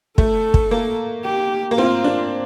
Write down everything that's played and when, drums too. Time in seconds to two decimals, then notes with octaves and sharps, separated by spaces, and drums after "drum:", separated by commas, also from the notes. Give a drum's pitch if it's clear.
0.18 A3 A4, drum: kick
0.54 drum: kick
0.71 A#3
1.25 G4
1.71 A#3
1.77 C4 F4
2.04 D4